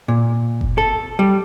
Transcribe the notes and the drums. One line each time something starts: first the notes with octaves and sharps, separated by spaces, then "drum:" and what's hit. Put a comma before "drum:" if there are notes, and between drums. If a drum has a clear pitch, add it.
A#2
drum: kick F#1
A4
G3